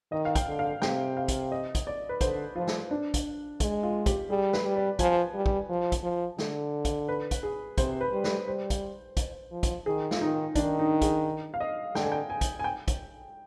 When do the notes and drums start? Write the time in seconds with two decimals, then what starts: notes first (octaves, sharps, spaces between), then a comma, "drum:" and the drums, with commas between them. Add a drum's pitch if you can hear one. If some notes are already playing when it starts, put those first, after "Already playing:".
0.12 D#3 D#5
0.25 F5
0.35 G5, drum: kick, hi-hat
0.48 D3
0.59 F5
0.82 C3 G5, drum: snare
1.17 F5
1.28 drum: kick, hi-hat
1.52 D#5
1.75 drum: kick, hi-hat
1.87 D5
2.09 B4
2.21 D3 C5, drum: kick, hi-hat
2.56 F3 F4
2.67 drum: snare
2.91 D4
3.14 drum: kick, hi-hat
3.60 G#3, drum: kick, hi-hat
3.83 F4
4.06 G4, drum: kick, hi-hat
4.29 G3 G#4
4.53 B4, drum: snare
4.65 G3
4.76 D5
4.99 F3 G#5, drum: kick, hi-hat
5.34 G3
5.46 drum: kick
5.69 F3
5.92 drum: kick, hi-hat
6.03 F3
6.38 D3, drum: snare
6.85 drum: kick, hi-hat
7.08 B4
7.31 drum: kick, hi-hat
7.43 G#4
7.78 C3 C5, drum: kick, hi-hat
8.01 B4
8.12 G3
8.24 B4, drum: snare
8.47 G3 C5
8.70 drum: kick, hi-hat
9.17 drum: kick, hi-hat
9.52 F3
9.63 drum: kick, hi-hat
9.86 D#3 G#4
10.11 F4, drum: snare
10.21 D#3 D#4
10.55 D#3 D4, drum: kick, hi-hat
10.79 D#4
11.02 G#4, drum: kick, hi-hat
11.54 F5
11.60 D#5
11.95 D3 G5, drum: snare
12.03 G#5
12.12 G5
12.30 G#5
12.41 drum: kick, hi-hat
12.59 G#5
12.64 G5
12.88 drum: kick, hi-hat